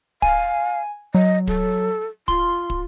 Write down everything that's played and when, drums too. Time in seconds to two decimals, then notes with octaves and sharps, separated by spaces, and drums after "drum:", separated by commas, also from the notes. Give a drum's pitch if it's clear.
0.22 F5 G#5, drum: kick
1.15 F#3 D#5
1.47 A4, drum: kick
2.28 F4 C6, drum: kick
2.70 drum: kick